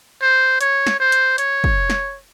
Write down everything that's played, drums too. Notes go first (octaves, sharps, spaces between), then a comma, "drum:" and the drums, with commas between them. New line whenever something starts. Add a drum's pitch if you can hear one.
C5
C#5, drum: hi-hat
drum: snare
C5
drum: hi-hat
C#5, drum: hi-hat
drum: kick
drum: snare